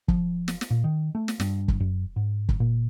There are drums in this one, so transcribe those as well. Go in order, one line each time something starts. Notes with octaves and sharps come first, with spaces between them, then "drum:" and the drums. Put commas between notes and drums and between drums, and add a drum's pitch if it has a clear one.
F3, drum: kick
drum: snare
drum: snare
A#2
D#3
A3
drum: snare
G2, drum: snare
drum: kick
F#2
G#2
drum: kick
A#2